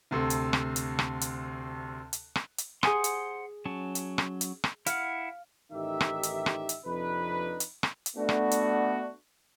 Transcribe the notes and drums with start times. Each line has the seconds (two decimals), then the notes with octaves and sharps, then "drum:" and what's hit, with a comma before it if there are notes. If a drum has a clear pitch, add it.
0.11 D2 C3 A4
0.30 drum: hi-hat
0.53 drum: rim click
0.76 drum: hi-hat
0.99 drum: rim click
1.21 drum: hi-hat
2.13 drum: hi-hat
2.35 drum: rim click
2.58 drum: hi-hat
2.83 G#4 C5 F#5 G#5 C6 D#6, drum: rim click
3.04 drum: hi-hat
3.65 F#3 C#4 A5
3.95 drum: hi-hat
4.18 drum: rim click
4.41 drum: hi-hat
4.64 drum: rim click
4.86 E4 F5 F#5, drum: hi-hat
5.72 A1 D#3 D#4 G4 E5
6.01 drum: rim click
6.23 drum: hi-hat
6.46 drum: rim click
6.69 drum: hi-hat
6.85 F2 C3 D4 D#4 B4
7.60 drum: hi-hat
7.83 drum: rim click
8.06 drum: hi-hat
8.17 A3 B3 D4 F#4
8.29 drum: rim click
8.51 drum: hi-hat